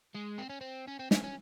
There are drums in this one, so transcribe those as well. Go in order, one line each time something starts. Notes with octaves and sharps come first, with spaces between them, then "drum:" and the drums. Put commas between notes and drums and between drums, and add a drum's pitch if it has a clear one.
G#3
C4
C#4
C4
C#4
C4
C#4, drum: snare
C#4